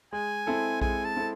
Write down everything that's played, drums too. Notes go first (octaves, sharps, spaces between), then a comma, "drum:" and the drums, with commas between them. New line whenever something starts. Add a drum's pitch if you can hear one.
G#3 G#5
C4 E4 A4
G#3 G#5, drum: kick A#1
A5
C4 E4 A4